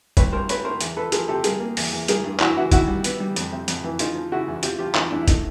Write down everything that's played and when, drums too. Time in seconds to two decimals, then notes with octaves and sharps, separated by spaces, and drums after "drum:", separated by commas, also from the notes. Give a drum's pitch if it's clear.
0.17 C2 B4 C#5, drum: kick, hi-hat
0.32 C2 A#4 C5
0.49 A3 B4 C#5, drum: hi-hat
0.64 A3 A#4 C5
0.81 E2, drum: hi-hat
0.96 F3 A4 B4
1.12 F3 G#4 A#4, drum: hi-hat
1.28 C3 G4 A4
1.44 G3 G#4 A#4, drum: hi-hat
1.60 A#3
1.77 E2, drum: open hi-hat
1.92 E2
2.08 G3 G#4 A#4, drum: hi-hat
2.24 G2
2.40 E3 E4 F#4, drum: clap
2.57 E3 E4 F#4
2.72 D#3 E4 F#4, drum: kick, hi-hat
2.87 G3
3.04 B3, drum: hi-hat
3.20 G3
3.36 F2, drum: hi-hat
3.52 C3
3.68 F2, drum: hi-hat
3.84 E3
3.99 C#3 D#4 F4, drum: hi-hat
4.15 F3
4.32 C#3 E4 F#4
4.48 E2
4.63 C3 F4 G4, drum: hi-hat
4.79 F3 F4 G4
4.95 E2 D#4 F4, drum: clap
5.11 E2 D4 E4
5.22 E4
5.28 A3 D#4, drum: kick, hi-hat